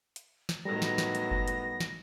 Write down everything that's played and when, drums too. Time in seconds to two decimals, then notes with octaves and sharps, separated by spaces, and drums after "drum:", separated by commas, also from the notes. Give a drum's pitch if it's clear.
0.16 drum: hi-hat
0.49 drum: snare
0.65 A2 D#3 F#3 G3 B3 A4 A#4 A#6
0.82 drum: snare
0.98 drum: snare
1.15 drum: hi-hat
1.31 drum: kick F#1
1.48 drum: hi-hat
1.80 drum: snare